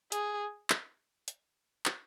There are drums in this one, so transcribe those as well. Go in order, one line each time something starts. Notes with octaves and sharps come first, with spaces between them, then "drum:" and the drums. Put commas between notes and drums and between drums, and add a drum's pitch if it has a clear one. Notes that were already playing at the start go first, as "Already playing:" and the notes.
G#4, drum: hi-hat
drum: clap
drum: hi-hat
drum: clap